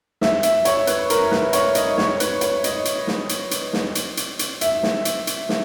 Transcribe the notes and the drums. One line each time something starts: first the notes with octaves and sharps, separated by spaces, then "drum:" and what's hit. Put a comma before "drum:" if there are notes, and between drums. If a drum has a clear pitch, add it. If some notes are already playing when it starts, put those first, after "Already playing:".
E5, drum: snare
E5, drum: hi-hat
C#5, drum: hi-hat
B4, drum: hi-hat
A#4, drum: hi-hat
B4, drum: snare
C#5, drum: hi-hat
D#5, drum: hi-hat
C#5, drum: snare
B4, drum: hi-hat
C#5, drum: hi-hat
D#5, drum: hi-hat
drum: hi-hat
drum: snare
drum: hi-hat
drum: hi-hat
drum: snare
drum: hi-hat
drum: hi-hat
drum: hi-hat
E5, drum: hi-hat
drum: snare
drum: hi-hat
drum: hi-hat
drum: snare